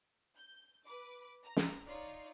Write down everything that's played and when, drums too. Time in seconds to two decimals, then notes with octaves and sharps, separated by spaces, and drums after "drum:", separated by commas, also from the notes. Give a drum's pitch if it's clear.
0.37 G6
0.86 B4 D6
1.44 A#5
1.56 drum: snare
1.87 D#4 F4 C#5 D5 C7